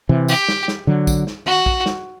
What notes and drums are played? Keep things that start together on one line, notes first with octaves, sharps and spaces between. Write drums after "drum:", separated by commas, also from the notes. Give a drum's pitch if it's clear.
C3 E3
G4, drum: tambourine
drum: snare
drum: snare
D3 F#3
drum: kick A#1, tambourine
drum: snare
F#4, drum: tom
drum: kick A#1
drum: snare